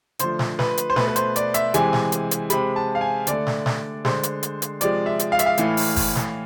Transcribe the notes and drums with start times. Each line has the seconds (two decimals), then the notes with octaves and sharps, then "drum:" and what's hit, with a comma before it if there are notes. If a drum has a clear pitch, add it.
0.19 D3 F3 A3 C5, drum: hi-hat
0.39 drum: snare
0.59 B4, drum: snare
0.78 drum: hi-hat
0.90 C5
0.96 B2 A3 B4, drum: snare
1.08 B4
1.16 C5, drum: hi-hat
1.36 D5, drum: hi-hat
1.54 E5, drum: hi-hat
1.74 C3 E3 G#3 G#5, drum: hi-hat
1.93 drum: snare
2.12 drum: hi-hat
2.31 drum: hi-hat
2.50 C3 G#3 B5, drum: hi-hat
2.76 A5
2.95 F5
3.01 G#5
3.27 D3 A3 D5, drum: hi-hat
3.47 drum: snare
3.66 drum: snare
4.05 D3 G#3 C5, drum: snare
4.23 drum: hi-hat
4.43 drum: hi-hat
4.62 drum: hi-hat
4.81 C3 F3 G#3 D5, drum: hi-hat
5.06 E5
5.19 drum: hi-hat
5.32 F5
5.39 E5, drum: hi-hat
5.46 F5
5.58 A2 E3 A3, drum: hi-hat
5.77 drum: open hi-hat
5.96 drum: kick F#1, open hi-hat
6.16 drum: snare